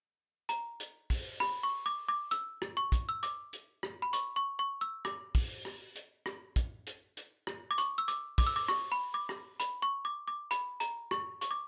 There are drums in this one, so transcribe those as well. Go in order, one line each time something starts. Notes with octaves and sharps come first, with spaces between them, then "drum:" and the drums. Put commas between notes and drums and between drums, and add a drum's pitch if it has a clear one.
A#5, drum: hi-hat
drum: hi-hat
drum: kick, open hi-hat
B5, drum: rim click
C#6
D6
D6
E6, drum: hi-hat
drum: rim click
C#6
drum: kick, hi-hat
E6
D6, drum: hi-hat
drum: hi-hat
drum: rim click
B5
C#6, drum: hi-hat
C#6
C#6
E6
D6, drum: rim click
drum: kick, open hi-hat
drum: rim click
drum: hi-hat
drum: rim click
drum: kick, hi-hat
drum: hi-hat
drum: hi-hat
drum: rim click
D6
C#6, drum: hi-hat
E6
D6, drum: hi-hat
D6, drum: kick, open hi-hat
E6
D6
C#6, drum: rim click
B5
D6
drum: rim click
B5, drum: hi-hat
C#6
D6
D6
B5, drum: hi-hat
A#5, drum: hi-hat
C#6, drum: rim click
C#6, drum: hi-hat
D6